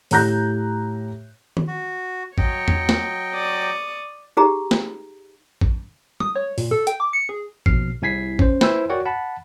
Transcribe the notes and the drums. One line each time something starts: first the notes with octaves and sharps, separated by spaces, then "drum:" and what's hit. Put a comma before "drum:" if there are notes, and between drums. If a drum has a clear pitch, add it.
A2 G4 A#5 F#6 G6 A#6, drum: open hi-hat
drum: tom D#3
F#4
F#3 C#5 D#5 G5, drum: kick
drum: tom E2
drum: snare
D5 C#6 D#6
D#4 G4 G#4 A#5
drum: snare
drum: kick
D#6, drum: tom G3
C#5
A#2, drum: open hi-hat
A4
G5, drum: hi-hat
D6
C#7
G#4
A#1 B2 F6 C7, drum: kick
C2 E4 G#5 G#6 B6 C7
C#4 C5, drum: kick
E4 B4 C5 G#5 E6, drum: snare
F#4 A#4 C#5 D5 F#5 G5
F#5 A5 B5